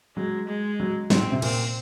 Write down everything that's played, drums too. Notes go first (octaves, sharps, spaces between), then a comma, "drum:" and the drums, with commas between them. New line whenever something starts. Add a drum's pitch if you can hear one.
F#3 G#3
G#3
F#3
G#2 C4, drum: snare
C3
A#2 C4, drum: cymbal